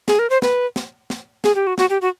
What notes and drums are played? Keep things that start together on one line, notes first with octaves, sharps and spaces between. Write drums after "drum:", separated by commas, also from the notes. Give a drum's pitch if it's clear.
G#4, drum: snare
A#4
C5
B4, drum: snare
drum: snare
drum: snare
G#4, drum: snare
G4
F#4
F#4, drum: snare
G4
F#4